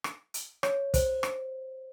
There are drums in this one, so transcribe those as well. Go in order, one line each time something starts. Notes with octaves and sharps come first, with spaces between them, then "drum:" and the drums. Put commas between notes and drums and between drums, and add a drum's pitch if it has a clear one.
drum: rim click
drum: hi-hat
C#5, drum: rim click
C5, drum: kick, hi-hat
drum: rim click